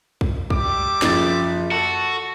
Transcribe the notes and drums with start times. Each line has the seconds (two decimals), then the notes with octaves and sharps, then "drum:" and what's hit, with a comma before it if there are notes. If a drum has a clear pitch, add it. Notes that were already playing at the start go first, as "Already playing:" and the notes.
0.21 drum: kick
0.50 G3 E5 D6, drum: kick
1.02 F#1 F3 A6, drum: snare
1.71 F#4 A4 A5